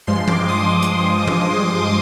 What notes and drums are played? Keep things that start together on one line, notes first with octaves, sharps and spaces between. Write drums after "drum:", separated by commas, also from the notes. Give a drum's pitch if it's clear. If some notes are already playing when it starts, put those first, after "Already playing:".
G2 F3 G#3 C6
D6, drum: tom E3
D#6
D#6
drum: hi-hat
drum: tom E3